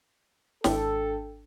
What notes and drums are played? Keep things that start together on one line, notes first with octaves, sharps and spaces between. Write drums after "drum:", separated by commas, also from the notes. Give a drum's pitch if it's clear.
G#1 D4 A4 G5, drum: snare